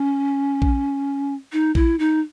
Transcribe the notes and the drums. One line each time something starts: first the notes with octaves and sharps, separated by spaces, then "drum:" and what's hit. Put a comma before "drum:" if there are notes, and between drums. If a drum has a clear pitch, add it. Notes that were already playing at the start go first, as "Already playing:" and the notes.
Already playing: C#4
drum: kick A#1
D#4
E4, drum: kick A#1
D#4